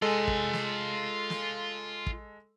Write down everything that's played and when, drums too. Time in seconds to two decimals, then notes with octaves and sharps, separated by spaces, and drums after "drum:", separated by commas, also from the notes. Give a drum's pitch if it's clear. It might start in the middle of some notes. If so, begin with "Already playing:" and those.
0.02 G#3 F4 A4 G#5
0.28 drum: kick
0.53 drum: snare
1.30 drum: snare
2.07 drum: kick